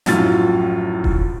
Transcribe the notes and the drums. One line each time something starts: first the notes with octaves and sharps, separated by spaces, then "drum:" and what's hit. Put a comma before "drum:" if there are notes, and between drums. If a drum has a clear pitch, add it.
A#1 F#2 A2 F4 A6, drum: snare
drum: kick E1